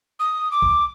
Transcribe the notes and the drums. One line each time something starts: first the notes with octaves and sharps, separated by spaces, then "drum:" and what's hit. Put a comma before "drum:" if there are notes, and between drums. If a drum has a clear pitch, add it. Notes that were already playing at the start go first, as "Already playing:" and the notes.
D#6
D6
drum: kick C#2